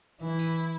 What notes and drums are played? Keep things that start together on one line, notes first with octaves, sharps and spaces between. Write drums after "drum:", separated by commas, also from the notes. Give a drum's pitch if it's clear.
E3 E4
drum: tambourine